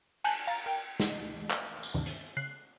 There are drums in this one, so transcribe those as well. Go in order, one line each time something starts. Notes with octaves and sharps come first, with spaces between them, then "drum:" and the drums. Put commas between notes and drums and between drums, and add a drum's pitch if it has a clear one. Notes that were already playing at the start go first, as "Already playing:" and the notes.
G#5 A5 F#6 G6, drum: cymbal
F5 A#5 A6
A#4 G5
drum: snare
drum: clap
drum: tambourine
D2 G2 C3 D#3 E3 D4
drum: hi-hat
C#3 F#6 C7